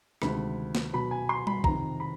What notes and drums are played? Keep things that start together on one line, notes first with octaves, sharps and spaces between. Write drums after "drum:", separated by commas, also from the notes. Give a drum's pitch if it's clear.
D2 C3 D#3 G#3 B5, drum: rim click
drum: snare
B2 F#3 B3 B5
G#5
C6
B5, drum: tom G3
F2 C3 D#3 A#5, drum: kick
B5